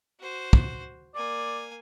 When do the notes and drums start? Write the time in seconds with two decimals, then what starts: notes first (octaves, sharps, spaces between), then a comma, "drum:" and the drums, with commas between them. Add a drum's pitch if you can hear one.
0.20 F#4 C5
0.53 drum: kick
1.15 A#3 D5 G#5